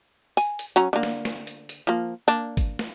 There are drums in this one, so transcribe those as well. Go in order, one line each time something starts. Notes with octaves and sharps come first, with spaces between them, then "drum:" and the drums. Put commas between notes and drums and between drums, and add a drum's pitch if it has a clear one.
G#5, drum: hi-hat
drum: hi-hat
F#3 C#4 A#5
D3 A#3
drum: snare
drum: snare
drum: hi-hat
drum: hi-hat
F3 A#3
A#3 D4
drum: kick G#1, hi-hat
drum: snare